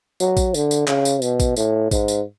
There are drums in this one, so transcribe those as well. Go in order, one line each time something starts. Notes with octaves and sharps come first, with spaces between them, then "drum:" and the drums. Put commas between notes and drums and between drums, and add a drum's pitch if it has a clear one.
F#3, drum: tambourine
drum: kick A1, tambourine
D3, drum: tambourine
drum: tambourine
C#3, drum: clap
drum: tambourine
B2, drum: tambourine
drum: kick A1, tambourine
A2, drum: tambourine
G#2, drum: kick A1, tambourine
drum: tambourine